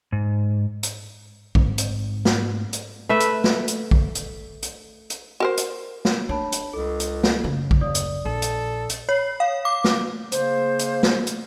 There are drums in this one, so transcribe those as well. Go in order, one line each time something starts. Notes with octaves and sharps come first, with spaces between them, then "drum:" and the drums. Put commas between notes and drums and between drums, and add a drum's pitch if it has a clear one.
G#2
drum: hi-hat
G#2 C4, drum: kick A#1
drum: hi-hat
drum: snare
drum: hi-hat
A3 B4 E5
drum: hi-hat
drum: snare
drum: hi-hat
drum: kick A#1
drum: hi-hat
drum: hi-hat
drum: hi-hat
F#4 A#4 C5
drum: hi-hat
drum: snare
D4 C#5 A5 B5
drum: hi-hat
C#2 A4
drum: hi-hat
drum: snare
F#2 C#3
drum: kick A#1
D#2 D5 D#6
drum: hi-hat
A#1 A4
drum: hi-hat
drum: hi-hat
C#5
F5
D6
drum: snare
C#3 A#3 C5, drum: hi-hat
drum: hi-hat
drum: snare
drum: hi-hat